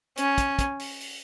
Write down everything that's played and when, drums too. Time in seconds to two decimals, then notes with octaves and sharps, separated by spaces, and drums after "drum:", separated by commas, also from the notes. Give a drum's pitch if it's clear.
0.17 C#4, drum: hi-hat
0.38 drum: kick, hi-hat
0.59 drum: kick, hi-hat
0.80 drum: open hi-hat
1.00 drum: open hi-hat